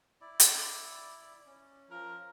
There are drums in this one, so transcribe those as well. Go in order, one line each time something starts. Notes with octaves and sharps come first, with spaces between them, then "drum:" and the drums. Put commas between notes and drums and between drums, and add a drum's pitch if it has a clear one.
E4 D5
drum: hi-hat
C#4
F3 F4 A#4